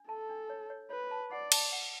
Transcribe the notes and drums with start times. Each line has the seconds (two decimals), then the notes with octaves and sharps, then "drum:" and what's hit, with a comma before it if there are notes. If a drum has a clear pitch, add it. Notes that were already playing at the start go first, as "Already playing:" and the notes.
Already playing: D4
0.09 A4 A5
0.29 D4
0.50 C#5
0.70 C#5
0.90 B4 C#5
1.11 A5
1.31 D5 F#5
1.52 A5, drum: cymbal
1.72 F#5